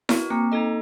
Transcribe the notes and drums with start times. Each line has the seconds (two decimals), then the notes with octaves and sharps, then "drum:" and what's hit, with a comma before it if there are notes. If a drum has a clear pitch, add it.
0.09 F#4 A#4, drum: snare E4
0.30 A#3 C4
0.52 D#4 A4 D#5